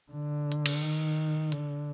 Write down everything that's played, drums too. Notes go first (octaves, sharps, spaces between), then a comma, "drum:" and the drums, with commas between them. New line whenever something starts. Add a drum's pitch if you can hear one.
D3
drum: hi-hat
drum: cymbal
D#3
D3, drum: hi-hat